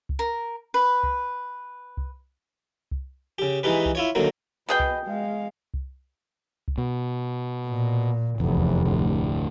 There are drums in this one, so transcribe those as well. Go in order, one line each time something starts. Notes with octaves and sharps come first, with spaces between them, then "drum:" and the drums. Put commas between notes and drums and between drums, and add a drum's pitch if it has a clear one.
drum: kick C2
A#4
B4
drum: kick C2
drum: kick C2
drum: kick C2
C#3 G4
E3 G#3 D#4 G4 B4
drum: kick C2
E4 F4 C#5
D3 D#3 F#3 A#3
B2 G#4 B4 D#5 G5
drum: kick C2
G#3 F5
drum: kick C2
drum: kick C2
B2
A#2
F1 E2
drum: kick C2
D2 A2